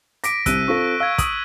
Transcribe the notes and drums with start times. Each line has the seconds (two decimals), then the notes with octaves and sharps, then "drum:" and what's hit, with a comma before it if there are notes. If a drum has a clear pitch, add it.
0.24 D6 A#6 B6 D7, drum: hi-hat
0.46 C2 C3 E6 F#6 D#7, drum: kick, hi-hat
0.68 C4 F4 A4 C#6 A#6
1.00 F5 E6 G#6
1.18 D#6 F#7, drum: kick, hi-hat